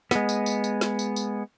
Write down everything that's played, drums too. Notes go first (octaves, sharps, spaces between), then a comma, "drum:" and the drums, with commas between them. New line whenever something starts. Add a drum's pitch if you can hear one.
G#3 B3, drum: snare
drum: tambourine
drum: tambourine
drum: tambourine
drum: snare
drum: tambourine
drum: tambourine